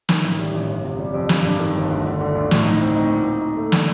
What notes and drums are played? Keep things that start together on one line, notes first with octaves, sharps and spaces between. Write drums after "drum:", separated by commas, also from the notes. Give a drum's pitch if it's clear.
D#3, drum: snare
A1
G3
A1
G1
C3
G3
F2
G2, drum: snare
G2
D#3
G1
D2
D3
D3
D2
A2, drum: snare
D#4
C4
D#4
A#2
A#2
D#4
A3
D3, drum: snare